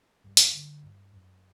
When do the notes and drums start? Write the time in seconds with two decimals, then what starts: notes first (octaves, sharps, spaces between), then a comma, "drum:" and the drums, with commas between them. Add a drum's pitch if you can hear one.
0.24 G2 G3
0.37 drum: hi-hat
0.54 D3
0.83 G2
1.13 F#2